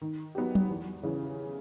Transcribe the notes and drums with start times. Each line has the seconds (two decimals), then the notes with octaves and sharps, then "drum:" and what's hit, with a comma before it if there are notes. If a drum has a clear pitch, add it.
0.01 D#3
0.35 F#3 B3 D#4 G4
0.55 drum: tom F#3
0.69 E2
1.03 C#3 E3